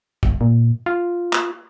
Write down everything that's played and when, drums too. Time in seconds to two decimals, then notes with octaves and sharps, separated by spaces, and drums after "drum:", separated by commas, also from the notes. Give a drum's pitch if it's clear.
0.23 G1, drum: kick
0.41 A#2
0.86 F4
1.33 drum: clap